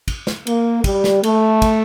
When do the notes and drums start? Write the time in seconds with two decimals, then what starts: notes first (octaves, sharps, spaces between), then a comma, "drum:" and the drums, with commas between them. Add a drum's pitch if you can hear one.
0.08 drum: kick, cymbal
0.27 drum: snare
0.47 A#3, drum: cymbal
0.84 G3, drum: kick, cymbal
1.04 drum: snare
1.23 A3, drum: cymbal
1.62 drum: kick, cymbal